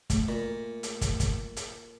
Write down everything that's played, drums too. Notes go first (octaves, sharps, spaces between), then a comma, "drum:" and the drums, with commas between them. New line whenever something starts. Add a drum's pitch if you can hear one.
A3, drum: kick, hi-hat
A#2
drum: hi-hat
drum: kick, hi-hat
drum: kick, hi-hat
drum: hi-hat